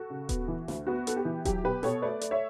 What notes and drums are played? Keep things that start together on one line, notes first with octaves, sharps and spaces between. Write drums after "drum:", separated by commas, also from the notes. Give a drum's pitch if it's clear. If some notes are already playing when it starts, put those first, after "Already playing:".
Already playing: F#4 A4
C#3
B3, drum: kick D#1, hi-hat
E3
D2, drum: snare
B3 F#4
B3 A4, drum: hi-hat
G4
E3
F#3 G4, drum: kick D#1, hi-hat
B2 G4 B4
B2 A4 C#5, drum: snare
A3 B4 D5
A3, drum: hi-hat
C#5 E5